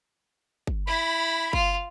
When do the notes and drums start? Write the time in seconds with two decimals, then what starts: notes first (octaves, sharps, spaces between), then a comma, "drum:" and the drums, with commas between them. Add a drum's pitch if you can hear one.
0.67 drum: kick G1
0.87 E4 B5
1.53 F4, drum: kick G1